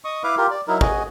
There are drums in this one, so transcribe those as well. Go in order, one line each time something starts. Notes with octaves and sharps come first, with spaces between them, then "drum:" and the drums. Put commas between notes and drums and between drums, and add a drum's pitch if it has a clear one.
D#5 C#6 D#6
E4 B4 F5 D6
F4 G4 A#4
D5
F#3 D#4 E4 A#4
F#4 G#4 D#5, drum: kick